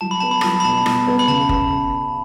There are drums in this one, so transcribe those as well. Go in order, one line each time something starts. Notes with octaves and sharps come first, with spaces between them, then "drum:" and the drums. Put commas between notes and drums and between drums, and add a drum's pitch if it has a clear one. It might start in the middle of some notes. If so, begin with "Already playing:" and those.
F#3 A5
B5
B3 A5
B5
F#3 A5, drum: rim click
B5
B2 A5
B2, drum: rim click
B3
B5
C#3 A5
drum: kick F#1